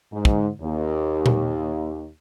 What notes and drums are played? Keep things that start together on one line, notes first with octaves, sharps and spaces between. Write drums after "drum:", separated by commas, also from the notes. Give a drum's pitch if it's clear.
G#2
drum: kick
D#2
drum: tom A#2